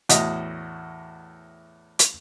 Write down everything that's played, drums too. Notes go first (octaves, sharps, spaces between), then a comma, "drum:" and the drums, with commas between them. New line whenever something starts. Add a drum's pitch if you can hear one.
E2 A2 F#4 D#5, drum: hi-hat
drum: hi-hat